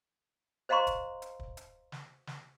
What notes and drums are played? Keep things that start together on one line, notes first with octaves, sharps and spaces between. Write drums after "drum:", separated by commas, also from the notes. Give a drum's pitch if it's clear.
C5 D#5 F5 A#5 C6 C#6
drum: kick, hi-hat
drum: hi-hat
drum: kick
drum: hi-hat
drum: snare
drum: snare